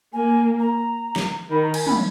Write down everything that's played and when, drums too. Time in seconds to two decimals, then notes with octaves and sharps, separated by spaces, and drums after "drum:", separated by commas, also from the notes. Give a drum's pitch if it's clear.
0.13 A#3 G#5
0.60 A#5
1.16 drum: snare
1.51 D#3 B5
1.63 A#5
1.74 G#5, drum: cymbal
1.87 B5, drum: tom